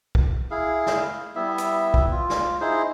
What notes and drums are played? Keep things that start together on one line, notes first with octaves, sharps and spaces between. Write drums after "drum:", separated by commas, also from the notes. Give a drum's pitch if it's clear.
drum: kick
E4 G#4 F5
drum: snare
G3 B3 E4 E5
drum: hi-hat
drum: kick
F4
drum: snare
D#4 E4 G#4 C5